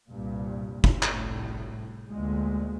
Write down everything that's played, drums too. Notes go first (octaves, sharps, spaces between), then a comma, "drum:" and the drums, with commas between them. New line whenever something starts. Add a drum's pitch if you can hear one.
C2 G2 A#2
drum: kick
drum: clap
C2 A2
D2 A#2 G#3